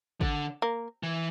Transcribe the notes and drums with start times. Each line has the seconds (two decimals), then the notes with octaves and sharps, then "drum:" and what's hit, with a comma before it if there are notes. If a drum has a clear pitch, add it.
0.21 D3, drum: kick G#1
0.62 A#3
1.03 E3